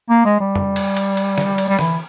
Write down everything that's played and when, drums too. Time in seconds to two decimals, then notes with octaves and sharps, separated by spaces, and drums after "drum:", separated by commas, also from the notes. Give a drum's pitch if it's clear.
0.09 A#3
0.25 G#3
0.40 G3
0.55 drum: tom
0.76 drum: cymbal
0.97 drum: cymbal
1.17 drum: cymbal
1.38 drum: snare
1.58 drum: cymbal
1.69 G3
1.79 E3, drum: snare